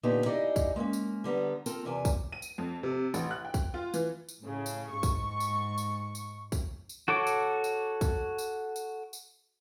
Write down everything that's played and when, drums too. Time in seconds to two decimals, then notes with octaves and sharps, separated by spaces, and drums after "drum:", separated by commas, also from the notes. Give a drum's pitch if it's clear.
0.03 A#2 D3 B3 D#4 G4
0.26 D#4 E4 G4 G#4 D5 D#5
0.56 drum: kick, tambourine
0.76 G#3 A#3 C4 C#4
0.93 drum: tambourine
1.24 D3 G3 B3 A#5
1.66 C4 F4 A4 A#4, drum: tambourine
1.85 E2 C3 D5 G#5
2.05 drum: kick, tambourine
2.32 D#7
2.42 drum: tambourine
2.58 F2
2.83 C3
3.14 A1, drum: tambourine
3.31 F#6
3.45 G5
3.54 drum: kick, tambourine
3.74 F4
3.94 E3, drum: tambourine
4.29 drum: tambourine
4.41 A2 C#3
4.66 drum: tambourine
4.93 G#2 C#6
5.03 drum: kick, tambourine
5.40 drum: tambourine
5.78 drum: tambourine
6.15 drum: tambourine
6.52 drum: kick, tambourine
6.89 drum: tambourine
7.08 F#4 A4 C#5 D6
7.27 drum: tambourine
7.64 drum: tambourine
8.01 drum: kick, tambourine
8.38 drum: tambourine
8.76 drum: tambourine
9.13 drum: tambourine